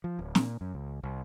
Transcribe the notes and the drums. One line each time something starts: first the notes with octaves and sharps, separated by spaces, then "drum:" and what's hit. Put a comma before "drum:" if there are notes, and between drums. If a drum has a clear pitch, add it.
F3
D1
A#2, drum: snare
F#2
C#2
C2